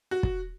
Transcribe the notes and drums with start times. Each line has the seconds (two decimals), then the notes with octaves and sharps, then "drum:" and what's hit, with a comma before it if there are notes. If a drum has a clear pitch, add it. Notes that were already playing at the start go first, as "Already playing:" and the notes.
0.11 F#4
0.23 drum: kick